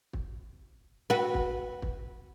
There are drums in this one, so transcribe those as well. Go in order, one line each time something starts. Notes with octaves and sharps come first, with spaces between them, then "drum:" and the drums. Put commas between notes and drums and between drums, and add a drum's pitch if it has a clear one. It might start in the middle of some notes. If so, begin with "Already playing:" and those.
drum: kick
F#4 B4
drum: kick
drum: kick